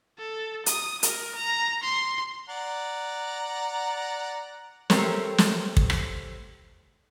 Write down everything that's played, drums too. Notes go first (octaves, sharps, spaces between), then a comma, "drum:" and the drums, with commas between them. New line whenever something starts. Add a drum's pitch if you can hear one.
A4
D#6, drum: hi-hat
A#4, drum: hi-hat
A#5
C6
D5 F#5 A#5
A3 C4 G4 A#4 C#5, drum: snare
drum: snare
drum: kick
drum: rim click